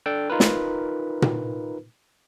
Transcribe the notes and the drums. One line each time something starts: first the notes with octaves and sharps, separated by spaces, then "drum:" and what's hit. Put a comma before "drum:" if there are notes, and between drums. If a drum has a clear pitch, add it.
D4 A4 G5 A5
D#4 F4 A#4 B4
drum: snare
drum: tom A#2